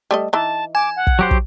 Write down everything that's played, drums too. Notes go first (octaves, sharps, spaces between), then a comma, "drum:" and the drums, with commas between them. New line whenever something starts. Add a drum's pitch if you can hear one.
G3 A3 D#5
E3 D#4 A5
G#5 D6 G#6
F#5
drum: kick
F#3 G4 C5
drum: kick